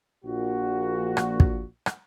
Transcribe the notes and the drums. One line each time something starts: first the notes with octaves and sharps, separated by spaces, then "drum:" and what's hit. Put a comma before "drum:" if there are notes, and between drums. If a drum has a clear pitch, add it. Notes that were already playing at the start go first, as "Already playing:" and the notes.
A#1 A#2 F#4
drum: rim click
drum: kick
drum: rim click